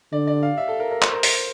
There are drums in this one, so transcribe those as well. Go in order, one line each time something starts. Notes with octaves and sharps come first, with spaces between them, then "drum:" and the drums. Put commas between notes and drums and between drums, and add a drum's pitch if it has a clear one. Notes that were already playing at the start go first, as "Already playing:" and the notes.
D3 D5
D5
F5
E5
A4
A#4
A#4
C5, drum: clap
A#4
C5, drum: open hi-hat